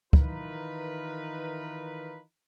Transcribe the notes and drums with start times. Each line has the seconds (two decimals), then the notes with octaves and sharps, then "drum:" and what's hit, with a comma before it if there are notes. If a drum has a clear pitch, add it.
0.13 D#3 E3 D#4 F4 A#4 B4, drum: kick